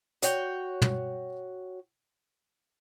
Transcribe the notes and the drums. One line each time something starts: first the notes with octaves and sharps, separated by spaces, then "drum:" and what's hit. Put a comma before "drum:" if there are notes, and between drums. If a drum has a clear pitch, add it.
F#4 C#5 G5, drum: hi-hat
drum: tom